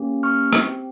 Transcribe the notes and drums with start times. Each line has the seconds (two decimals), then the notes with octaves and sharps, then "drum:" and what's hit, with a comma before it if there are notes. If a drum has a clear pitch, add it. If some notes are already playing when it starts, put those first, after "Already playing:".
Already playing: A#3 C#4 G4
0.23 C#6 F6
0.53 C4 G4, drum: rim click